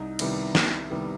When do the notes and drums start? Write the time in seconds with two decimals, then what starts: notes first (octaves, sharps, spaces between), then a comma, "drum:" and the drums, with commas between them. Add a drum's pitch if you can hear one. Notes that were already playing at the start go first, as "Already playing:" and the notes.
Already playing: C2 D#4
0.19 C3 D#3 G3 B3 E4, drum: cymbal
0.55 C2, drum: snare
0.91 C3 D#3 G3 B3